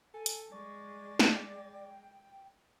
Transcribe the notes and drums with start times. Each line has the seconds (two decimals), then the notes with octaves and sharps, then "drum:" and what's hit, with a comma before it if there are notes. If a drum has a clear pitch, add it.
0.14 A4 G#5
0.26 drum: hi-hat
0.52 G#3 D5 C#6
1.19 drum: snare
1.33 G5